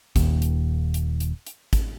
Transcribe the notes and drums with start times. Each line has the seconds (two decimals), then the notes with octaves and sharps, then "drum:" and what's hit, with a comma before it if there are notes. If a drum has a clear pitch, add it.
0.16 D#1 D#2, drum: kick, hi-hat
0.42 drum: hi-hat
0.94 drum: hi-hat
1.20 drum: hi-hat
1.47 drum: hi-hat
1.73 drum: kick, hi-hat